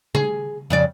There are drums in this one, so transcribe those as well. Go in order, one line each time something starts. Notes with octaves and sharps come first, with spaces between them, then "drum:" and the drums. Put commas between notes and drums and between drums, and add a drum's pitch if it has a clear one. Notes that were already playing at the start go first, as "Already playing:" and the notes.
G#4, drum: tom C#3
F2 C#3 D5